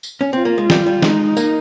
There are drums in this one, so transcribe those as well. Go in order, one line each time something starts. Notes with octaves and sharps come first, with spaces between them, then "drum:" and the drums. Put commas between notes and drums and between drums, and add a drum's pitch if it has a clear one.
drum: tambourine
C#4
C4 F4
A#3
G#3
G3, drum: snare
G3
G#3 D#4, drum: snare
A#3, drum: tambourine